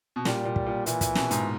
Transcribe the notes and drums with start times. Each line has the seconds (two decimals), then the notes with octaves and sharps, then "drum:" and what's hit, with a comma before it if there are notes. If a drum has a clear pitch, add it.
0.16 B2
0.25 A#2 G3, drum: snare
0.45 A#2
0.56 drum: kick
0.66 A#2
0.86 A#2 E3, drum: hi-hat
1.01 drum: kick, hi-hat
1.15 B2, drum: snare
1.31 G#2, drum: hi-hat